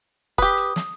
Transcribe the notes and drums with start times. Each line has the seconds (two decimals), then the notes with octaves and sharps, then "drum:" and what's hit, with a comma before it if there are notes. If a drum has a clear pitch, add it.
0.38 G4 B4 D#6, drum: kick F1
0.57 drum: hi-hat
0.76 drum: snare